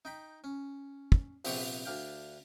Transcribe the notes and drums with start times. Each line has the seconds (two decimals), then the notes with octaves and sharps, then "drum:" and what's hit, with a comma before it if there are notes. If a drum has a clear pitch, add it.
0.05 D#4 G5 B5
0.44 C#4
1.12 drum: kick
1.45 A#1 C3 B3 G4 C#6, drum: open hi-hat
1.85 D2 D4 F5 G5